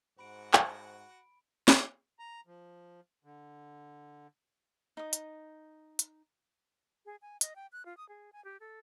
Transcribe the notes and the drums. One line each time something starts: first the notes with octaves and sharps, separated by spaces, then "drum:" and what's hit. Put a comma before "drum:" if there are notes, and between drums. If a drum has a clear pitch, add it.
G#2 F#4 C5 F#5 B5 D7
drum: clap
drum: snare
A#5
F3
D3
D#4 D#6
drum: hi-hat
drum: hi-hat
G#4
G#5
D#5, drum: hi-hat
G5
F#6
F4
D#6
G#4
G#5
G4
A4